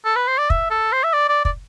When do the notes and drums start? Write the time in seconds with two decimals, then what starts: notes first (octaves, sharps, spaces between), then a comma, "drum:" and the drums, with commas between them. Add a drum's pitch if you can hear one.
0.05 A4
0.16 B4
0.28 C5
0.39 D5
0.50 E5, drum: kick
0.70 A4
0.93 C5
1.04 E5
1.13 D5
1.29 D5
1.45 D5, drum: kick